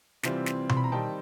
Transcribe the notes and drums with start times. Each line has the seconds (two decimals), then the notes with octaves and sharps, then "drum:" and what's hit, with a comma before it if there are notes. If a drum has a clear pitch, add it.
0.23 C3 E3 G3 C4 F4, drum: snare
0.46 drum: snare
0.69 C6, drum: tom B2
0.77 B5
0.84 A#5
0.92 D#3 G3 C4 D#4 G5 A5